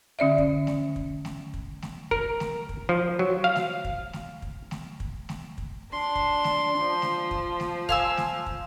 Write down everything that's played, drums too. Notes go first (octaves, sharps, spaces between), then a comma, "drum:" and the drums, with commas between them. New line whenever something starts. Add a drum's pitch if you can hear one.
D3 C#4 D5 E5
drum: kick
drum: snare A3
drum: kick
drum: snare A3
drum: kick
drum: snare A3
A#4, drum: kick
drum: snare A3
drum: kick
F3
F#3
F5
drum: snare A3
drum: kick
drum: snare A3
drum: kick
drum: snare A3
drum: kick
drum: snare A3
drum: kick
D4 C6
drum: kick
drum: snare A3
F3
drum: snare A3
drum: kick
drum: snare A3
F5 G#5 E6, drum: kick
drum: snare A3
drum: kick